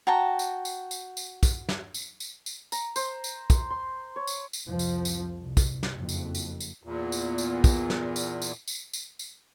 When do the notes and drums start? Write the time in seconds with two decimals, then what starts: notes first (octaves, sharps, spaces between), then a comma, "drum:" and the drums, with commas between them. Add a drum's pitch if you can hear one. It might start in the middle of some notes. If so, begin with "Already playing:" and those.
0.07 F#4 G5 A5 A#5
0.39 drum: tambourine
0.65 drum: tambourine
0.91 drum: tambourine
1.17 drum: tambourine
1.43 drum: kick, tambourine
1.69 drum: snare
1.94 drum: tambourine
2.20 drum: tambourine
2.46 drum: tambourine
2.72 A#5, drum: tambourine
2.96 C5, drum: tambourine
3.24 drum: tambourine
3.50 drum: kick, tambourine
3.70 C6
4.16 C#5
4.27 drum: tambourine
4.53 drum: tambourine
4.67 C2 F2 F3
4.79 drum: tambourine
5.05 drum: tambourine
5.40 C2
5.57 drum: kick, tambourine
5.83 drum: snare
5.96 F#1 F2
6.09 drum: tambourine
6.35 drum: tambourine
6.60 drum: tambourine
6.84 E2 A#2
7.12 drum: tambourine
7.38 drum: tambourine
7.64 drum: kick, tambourine
7.90 drum: snare
8.16 drum: tambourine
8.42 drum: tambourine
8.68 drum: tambourine
8.93 drum: tambourine
9.19 drum: tambourine